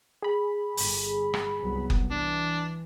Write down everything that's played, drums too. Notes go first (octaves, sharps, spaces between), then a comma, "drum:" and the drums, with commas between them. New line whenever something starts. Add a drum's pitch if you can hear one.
G#4 B5
G1, drum: open hi-hat
drum: rim click
C2 F#3 B3
drum: kick F#1
E3 D4